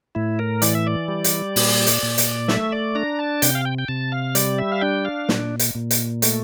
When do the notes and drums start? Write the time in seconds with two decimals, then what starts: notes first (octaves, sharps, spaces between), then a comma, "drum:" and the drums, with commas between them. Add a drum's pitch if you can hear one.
0.15 A2 E4
0.39 A#4
0.62 E3 D5, drum: hi-hat
0.75 E5
0.87 D5
1.08 G3
1.24 drum: hi-hat
1.56 A#2, drum: open hi-hat
1.87 drum: hi-hat
2.03 A#2
2.18 drum: hi-hat
2.48 A3 E5, drum: snare
2.72 D5
2.95 D4 A#5
3.19 A5
3.42 C3 G5, drum: hi-hat
3.55 F5
3.65 G5
3.79 G5
3.88 C3 A5
4.12 F5
4.35 G3 D5, drum: hi-hat
4.58 E5
4.72 F5
4.81 D4 G5
5.05 F5
5.29 A#2, drum: snare
5.59 drum: hi-hat
5.75 A#2
5.91 drum: hi-hat
6.22 A3, drum: hi-hat